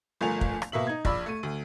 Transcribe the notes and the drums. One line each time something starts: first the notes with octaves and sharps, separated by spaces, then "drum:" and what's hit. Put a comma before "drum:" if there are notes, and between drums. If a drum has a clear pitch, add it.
G1 F3 A3 A#4 G#5 F7
drum: kick
drum: rim click
B2 A#3 E5 F#7
D#4 G#6
A#1 D5 B5 E6, drum: kick
A3 D#7
D2